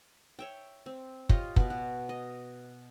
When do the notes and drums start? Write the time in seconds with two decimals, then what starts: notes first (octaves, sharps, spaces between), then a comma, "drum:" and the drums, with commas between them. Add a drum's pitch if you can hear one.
0.39 C#5 E5 G5
0.86 C4
1.29 F4 G4 C#5 D#5, drum: kick
1.56 B2 B4, drum: kick
1.70 F#4
2.09 D#5